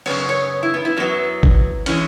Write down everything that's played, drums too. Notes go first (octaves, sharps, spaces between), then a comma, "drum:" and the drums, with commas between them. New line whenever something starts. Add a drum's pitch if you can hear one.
F#2 C#3 G#3 B3 C#5, drum: cymbal
C#5
E4
B3
E4
F#2 F#3 B3
drum: kick G#1
E3 G#3 C#4, drum: cymbal